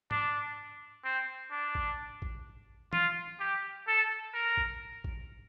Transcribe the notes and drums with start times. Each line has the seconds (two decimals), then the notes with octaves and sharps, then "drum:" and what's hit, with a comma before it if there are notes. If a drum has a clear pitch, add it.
0.11 D4, drum: tom
1.04 C4
1.51 D4
1.75 drum: kick A1
2.22 drum: kick A1
2.93 F4, drum: tom
3.40 G4
3.87 A4
4.34 A#4
4.57 drum: kick A1
5.04 drum: kick A1